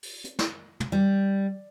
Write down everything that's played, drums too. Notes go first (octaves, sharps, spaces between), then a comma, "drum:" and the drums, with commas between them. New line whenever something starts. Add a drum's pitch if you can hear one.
drum: open hi-hat
drum: hi-hat
drum: snare
drum: tom
G3